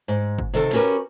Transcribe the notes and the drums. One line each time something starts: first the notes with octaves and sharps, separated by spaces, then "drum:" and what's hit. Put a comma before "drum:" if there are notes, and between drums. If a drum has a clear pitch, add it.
G#2
drum: kick
C3 D#3 A4, drum: tom
C#4 F#4 G4 A#4 B4